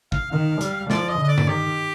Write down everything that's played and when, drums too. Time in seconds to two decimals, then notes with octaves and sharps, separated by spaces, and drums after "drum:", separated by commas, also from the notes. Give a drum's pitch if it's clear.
0.12 F5, drum: kick
0.32 D#3 F5
0.61 G3, drum: hi-hat
0.90 F3 D5, drum: snare
1.09 D#5
1.18 D3
1.24 D#5
1.28 D5
1.38 drum: tom G2
1.48 D#3 G4